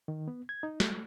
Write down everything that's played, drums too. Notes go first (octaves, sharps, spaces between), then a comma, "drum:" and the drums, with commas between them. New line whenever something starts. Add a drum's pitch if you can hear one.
D#3
B3
G#6
D#4
A3, drum: snare